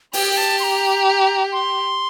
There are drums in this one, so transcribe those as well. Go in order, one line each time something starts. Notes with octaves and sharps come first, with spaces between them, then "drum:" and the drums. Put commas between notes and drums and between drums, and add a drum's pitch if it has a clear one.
G4 G5, drum: open hi-hat
A5
C6
A#5
C6